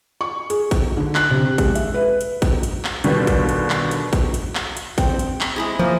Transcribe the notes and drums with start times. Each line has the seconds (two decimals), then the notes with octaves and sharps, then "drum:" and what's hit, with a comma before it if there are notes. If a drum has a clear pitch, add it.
0.21 C#6
0.50 G#4, drum: hi-hat
0.71 drum: kick, hi-hat
0.97 D3
1.15 F#6, drum: clap
1.31 C3
1.58 G#3, drum: kick, hi-hat
1.75 E5, drum: hi-hat
1.94 B4
2.21 drum: hi-hat
2.42 drum: kick, hi-hat
2.63 drum: hi-hat
2.85 drum: clap
3.04 D#2 B2 D3 G3, drum: hi-hat
3.27 drum: kick, hi-hat
3.49 drum: hi-hat
3.70 drum: clap
3.91 drum: hi-hat
4.13 drum: kick, hi-hat
4.34 drum: hi-hat
4.55 drum: clap
4.77 drum: hi-hat
4.98 C4, drum: kick, hi-hat
5.19 drum: hi-hat
5.41 drum: clap
5.56 G#3 E4 G#4
5.79 F3 A#3